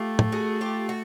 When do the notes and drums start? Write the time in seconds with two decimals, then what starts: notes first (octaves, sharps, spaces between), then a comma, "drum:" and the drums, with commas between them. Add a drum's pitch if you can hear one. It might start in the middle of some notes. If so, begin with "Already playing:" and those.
Already playing: A3 F4 G4
0.19 drum: tom
0.32 F#4 G#4
0.61 F4 G4
0.89 F#4